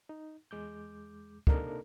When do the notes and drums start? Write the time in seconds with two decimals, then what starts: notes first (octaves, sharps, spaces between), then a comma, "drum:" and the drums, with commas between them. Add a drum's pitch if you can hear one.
0.09 D#4
0.51 E2 G#3 D6 G6
1.47 C3 A#3 D4 D#4 A4 A#4, drum: kick